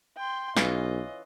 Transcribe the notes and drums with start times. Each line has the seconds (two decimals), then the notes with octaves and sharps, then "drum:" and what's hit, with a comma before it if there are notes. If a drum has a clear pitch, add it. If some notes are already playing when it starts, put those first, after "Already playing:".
0.17 G5 C6
0.57 B1 E3 C#4 F4 D#5, drum: snare